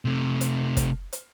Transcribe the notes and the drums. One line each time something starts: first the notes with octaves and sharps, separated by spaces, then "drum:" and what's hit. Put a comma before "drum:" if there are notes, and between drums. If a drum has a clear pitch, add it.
C3 A3
drum: hi-hat
drum: kick, hi-hat
drum: hi-hat